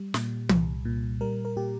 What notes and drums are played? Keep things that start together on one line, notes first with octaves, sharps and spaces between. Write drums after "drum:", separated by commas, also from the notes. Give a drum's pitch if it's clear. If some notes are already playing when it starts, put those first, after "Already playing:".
Already playing: G3
A#2, drum: snare
C2, drum: tom
A#2
G3 A#4
A#4
A#2 G4